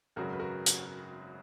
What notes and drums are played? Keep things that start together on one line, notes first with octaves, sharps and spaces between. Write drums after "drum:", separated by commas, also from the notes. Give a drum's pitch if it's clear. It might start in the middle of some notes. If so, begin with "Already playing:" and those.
G#1 F#2 C#3 F#3 F#4 A#4
B4
F#4 A#4
drum: hi-hat